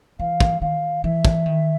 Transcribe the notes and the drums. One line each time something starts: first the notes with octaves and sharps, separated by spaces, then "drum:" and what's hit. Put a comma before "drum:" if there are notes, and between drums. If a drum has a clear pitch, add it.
E3 F5
drum: kick
D#3 F5
E3 E5
drum: kick
D#3